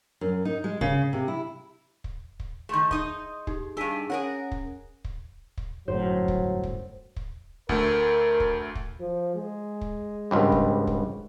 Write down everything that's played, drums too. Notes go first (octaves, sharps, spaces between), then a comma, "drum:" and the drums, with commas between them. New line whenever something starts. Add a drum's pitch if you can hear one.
F#2
D#4
G#3
C#3, drum: kick
C3
E4
drum: kick
drum: kick
D#3 A3 G#4 C6 G6
D#4 D#5, drum: kick
D#4 G4 G#4, drum: kick
G2 D4 D#4 G#4 G#5 E6 B6 D#7
C#4 G#4 A#4 C#5 F#5
drum: kick
drum: kick
drum: kick
G1 F#2 A2 F#3 C5
drum: kick
drum: kick
drum: kick
D2 A3 A#4, drum: kick
drum: kick
drum: kick
F3
G#3
drum: kick
G#1 C#2 G2
drum: kick
drum: kick